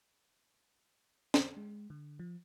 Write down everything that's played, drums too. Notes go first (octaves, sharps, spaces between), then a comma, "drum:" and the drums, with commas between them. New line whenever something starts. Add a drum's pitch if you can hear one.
C5, drum: snare
G#3
D3
F3